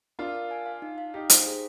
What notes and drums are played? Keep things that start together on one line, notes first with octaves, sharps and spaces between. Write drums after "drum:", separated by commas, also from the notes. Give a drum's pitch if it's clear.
D4 F4 A#4
A#4
G#5
F5
D#4
F5
D#4 G4 F5
C5, drum: hi-hat
G#4